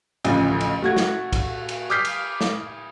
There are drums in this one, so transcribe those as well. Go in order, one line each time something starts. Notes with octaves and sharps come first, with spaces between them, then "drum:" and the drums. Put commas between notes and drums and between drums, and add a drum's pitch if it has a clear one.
A1 D2 C#3 F3 D#5, drum: cymbal
drum: cymbal
A3 F#4 G#6
drum: snare
drum: kick, cymbal
drum: cymbal
D6 D#6 F6 G6 B6 C7
drum: cymbal
drum: snare